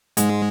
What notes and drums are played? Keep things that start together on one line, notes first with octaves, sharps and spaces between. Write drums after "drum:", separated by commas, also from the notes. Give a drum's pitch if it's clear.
G#2 G#3, drum: hi-hat